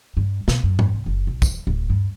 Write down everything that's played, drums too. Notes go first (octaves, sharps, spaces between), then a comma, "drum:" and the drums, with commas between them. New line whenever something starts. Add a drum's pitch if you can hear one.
G2
B2, drum: snare
F#2
drum: tom G#2
C2
F#1
B1
D#1, drum: kick, tambourine
D1
G2